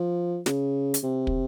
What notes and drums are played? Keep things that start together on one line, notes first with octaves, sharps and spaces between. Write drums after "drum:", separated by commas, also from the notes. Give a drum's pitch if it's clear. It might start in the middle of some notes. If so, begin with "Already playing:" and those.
Already playing: F3
C#3, drum: snare
drum: hi-hat
C3
drum: kick